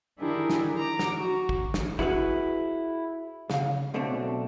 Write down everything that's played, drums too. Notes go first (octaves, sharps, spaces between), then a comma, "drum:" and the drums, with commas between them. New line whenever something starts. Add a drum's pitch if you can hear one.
D#3 D4 E4 G4 G#4 A#4
drum: snare
A#5 D6
drum: snare
F#4
drum: kick
drum: snare
E4 F#4 G#4 B4, drum: kick
C#3 F5, drum: snare
B1 B2 A3 C4 D4